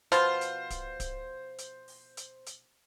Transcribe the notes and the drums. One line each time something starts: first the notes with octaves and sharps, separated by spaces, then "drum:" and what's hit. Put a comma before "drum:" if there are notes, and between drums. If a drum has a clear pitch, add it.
B2 F3 F4 C5, drum: hi-hat
drum: hi-hat
drum: kick D1, hi-hat
drum: kick D1, hi-hat
drum: hi-hat
drum: open hi-hat
drum: hi-hat
drum: hi-hat